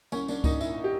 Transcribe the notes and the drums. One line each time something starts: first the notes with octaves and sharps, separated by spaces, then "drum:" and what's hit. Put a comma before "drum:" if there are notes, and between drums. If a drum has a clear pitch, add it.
C2 C#4, drum: tambourine
C2 D4, drum: tambourine
C2 D#4, drum: kick C#2, tambourine
A#2 E4, drum: tambourine
G4